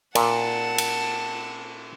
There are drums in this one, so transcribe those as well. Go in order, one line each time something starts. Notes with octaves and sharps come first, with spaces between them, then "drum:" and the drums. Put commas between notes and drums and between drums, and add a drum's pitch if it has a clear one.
A#2 F#5 A5, drum: cymbal
drum: cymbal